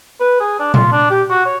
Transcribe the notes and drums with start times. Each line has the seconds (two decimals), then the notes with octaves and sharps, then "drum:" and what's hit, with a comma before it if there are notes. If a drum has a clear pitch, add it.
0.20 B4
0.40 G#4
0.59 D4
0.74 F4, drum: tom A#2
0.92 D4
1.10 G4
1.30 F#4
1.46 C#5